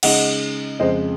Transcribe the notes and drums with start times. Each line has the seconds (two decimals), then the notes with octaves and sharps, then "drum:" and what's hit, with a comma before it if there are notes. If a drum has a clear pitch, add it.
0.03 C#3 G#3 D#4 D#5 F#5, drum: cymbal
0.79 F2 C#3 G#3 C5 D#5